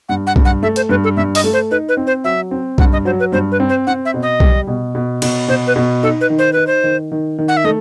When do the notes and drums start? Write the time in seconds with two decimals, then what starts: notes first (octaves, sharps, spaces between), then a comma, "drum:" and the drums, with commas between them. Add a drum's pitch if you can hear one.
0.09 G2 F#5
0.27 F#5
0.36 G2, drum: kick B1
0.45 F#5
0.62 A3 E5
0.76 C5, drum: hi-hat
0.89 G2 B4
1.04 A4
1.16 G2 E5
1.35 D#5, drum: open hi-hat
1.44 A3
1.53 C5
1.71 D#4 B4
1.88 B4
1.97 C4
2.07 C5
2.24 F#3 E5
2.51 C4
2.78 G2 F#5, drum: kick B1
2.92 D#5
3.05 F#3 C5
3.19 B4
3.32 G2 C5
3.51 B4
3.60 C4
3.69 C5
3.87 C4 F#5
4.05 E5
4.14 B2
4.22 D#5
4.40 G3, drum: kick B1
4.67 B2
4.95 B2
5.22 B2, drum: cymbal
5.48 B2 C5
5.67 B4
5.76 B2
6.03 D#4 A4
6.21 B4
6.30 D#3
6.38 C5
6.53 D#4 B4
6.67 C5
6.84 D#3
7.12 D#3
7.38 D#3
7.48 F#5
7.57 E5
7.65 A3 D#5